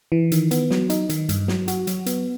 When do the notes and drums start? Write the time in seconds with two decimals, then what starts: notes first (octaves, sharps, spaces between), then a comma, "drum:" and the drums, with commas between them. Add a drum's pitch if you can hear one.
0.12 E3
0.32 D#3, drum: hi-hat
0.51 B3, drum: hi-hat
0.71 F#3, drum: snare
0.90 D#4, drum: hi-hat
1.09 D#3, drum: hi-hat
1.29 G2, drum: hi-hat
1.48 F#3, drum: snare
1.68 F#4, drum: hi-hat
1.87 F#3, drum: hi-hat
2.06 B3, drum: hi-hat